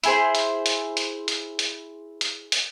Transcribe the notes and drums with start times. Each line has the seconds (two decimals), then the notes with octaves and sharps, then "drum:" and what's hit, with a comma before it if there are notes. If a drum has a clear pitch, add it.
0.04 E4 G#4 C5, drum: hi-hat
0.35 drum: hi-hat
0.66 drum: hi-hat
0.97 drum: hi-hat
1.28 drum: hi-hat
1.59 drum: hi-hat
2.21 drum: hi-hat
2.52 drum: hi-hat